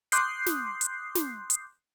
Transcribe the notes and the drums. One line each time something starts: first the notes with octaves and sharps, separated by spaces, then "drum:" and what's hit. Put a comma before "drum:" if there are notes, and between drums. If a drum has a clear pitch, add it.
C6 D6 D#6 F#6 G6 C7, drum: hi-hat
drum: snare
drum: hi-hat
drum: snare
drum: hi-hat